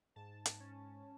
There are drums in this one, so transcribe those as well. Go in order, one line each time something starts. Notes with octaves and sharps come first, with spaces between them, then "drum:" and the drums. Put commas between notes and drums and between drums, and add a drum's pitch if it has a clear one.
G#2 A5
drum: hi-hat
C#4